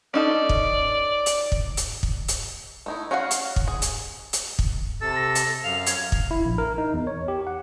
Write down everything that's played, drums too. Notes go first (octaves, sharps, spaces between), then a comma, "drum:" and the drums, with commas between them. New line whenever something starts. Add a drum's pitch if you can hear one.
C#4 D#4 A4 D5
drum: kick
drum: hi-hat
drum: kick
drum: hi-hat
drum: kick
drum: hi-hat
A3 D#4 E4
C#4 F#4 C#5 F5 F#5
drum: hi-hat
drum: kick
G#4
drum: hi-hat
drum: hi-hat
drum: kick
C3 A4 E6 A6
A#6
drum: hi-hat
F#2 F5 F7
G#6, drum: hi-hat
drum: kick
E4
A#1
A#4
D#4
E2
C#5
G4
F#5